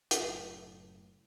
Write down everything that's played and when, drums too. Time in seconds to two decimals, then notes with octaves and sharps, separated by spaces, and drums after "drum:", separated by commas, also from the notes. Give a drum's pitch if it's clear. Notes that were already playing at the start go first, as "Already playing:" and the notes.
0.11 F#1 F#2 A2, drum: hi-hat